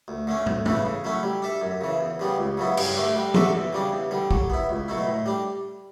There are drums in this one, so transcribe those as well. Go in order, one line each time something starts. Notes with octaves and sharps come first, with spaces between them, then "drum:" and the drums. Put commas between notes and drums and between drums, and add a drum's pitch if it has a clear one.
D2
D3 A3 C#4
D2, drum: tom
C#3 E3 A3 E4, drum: tom
C#3
F#3 A3 C#4 E4
G3
D4 A4 E5
F#2
C#3 E3
E2
C#3 G3 B3
C#2
C#3 F#3 B3 E4
G2, drum: cymbal
D3 A3 D4
G3
D4 F#4 A4 E5, drum: tom
E2
C#3 G3 D4
E2
D3 G3
F#3, drum: kick
B3 E4
C#2
B2 F#3 A3 E4
A2
G3 D4